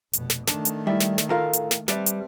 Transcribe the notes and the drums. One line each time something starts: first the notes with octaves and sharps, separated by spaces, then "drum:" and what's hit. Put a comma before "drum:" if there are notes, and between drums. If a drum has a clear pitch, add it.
F1 B2, drum: hi-hat
drum: snare
D#3 A3 D4 A5, drum: snare
drum: hi-hat
G3 E4 D5 E5
drum: snare
drum: snare
A2 F4 A4 A#4 F5
drum: hi-hat
drum: snare
G3 C4 B4 D5 E5 A5, drum: snare
drum: hi-hat